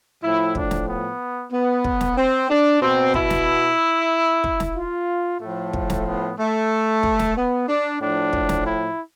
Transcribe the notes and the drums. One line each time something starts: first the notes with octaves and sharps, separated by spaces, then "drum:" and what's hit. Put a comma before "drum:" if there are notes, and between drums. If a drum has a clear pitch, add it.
A2 F3 E4
D4, drum: kick
drum: snare
B3
B3
drum: kick
drum: snare
C4
D4
B2 C4
E4, drum: kick
drum: snare
drum: kick
drum: snare
F4
A2 F3 A3
drum: kick
drum: snare
B3
A3
drum: kick
drum: snare
B3
D4
A2 F3 D4
drum: kick
drum: snare
E4